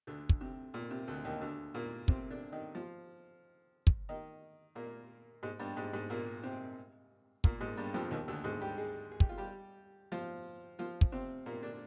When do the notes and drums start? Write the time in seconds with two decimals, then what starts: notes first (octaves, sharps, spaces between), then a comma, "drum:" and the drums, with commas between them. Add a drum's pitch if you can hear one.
0.07 D2 D3
0.29 drum: kick
0.41 C3
0.74 A#2
0.91 C3
1.07 D2 D3
1.25 D#2 D#3
1.41 D2 D3
1.74 A#2 A#3
2.08 C3 C4, drum: kick
2.31 D3 D4
2.52 D#3 D#4
2.75 F3 F4
3.87 drum: kick
4.09 D#3 D#4
4.75 A#2 A#3
5.43 G#2 G#3
5.59 G2 G3
5.77 G#2 G#3
5.93 G#2 G#3
6.10 A#2 A#3
6.43 C3 C4
7.44 A#2 A#3, drum: kick
7.61 G#2 G#3
7.77 G2 G3
7.94 F2 F3
8.11 D#2 D#3
8.28 D2 D3
8.44 G#2 G#3
8.61 G3 G4
8.77 G#3 G#4
9.12 G#4
9.20 G4, drum: kick
9.29 F4
9.38 G3 G4
10.12 F3 F4
10.79 F3 F4
11.01 drum: kick
11.12 C3 C4
11.46 A#2 A#3
11.63 D3 D4